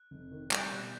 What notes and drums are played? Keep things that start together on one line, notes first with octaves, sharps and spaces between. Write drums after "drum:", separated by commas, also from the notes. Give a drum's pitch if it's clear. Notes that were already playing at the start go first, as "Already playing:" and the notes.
Already playing: F#6
F1
D#3
G3 G6, drum: clap
B2 F#6